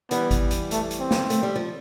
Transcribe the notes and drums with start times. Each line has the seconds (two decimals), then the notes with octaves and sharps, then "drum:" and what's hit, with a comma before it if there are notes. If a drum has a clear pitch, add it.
0.11 E3 G3 B3, drum: hi-hat
0.31 drum: kick G#1, hi-hat
0.51 drum: hi-hat
0.71 A3, drum: hi-hat
0.91 drum: hi-hat
1.00 C4
1.11 drum: snare
1.30 A3, drum: hi-hat
1.43 G3
1.56 F3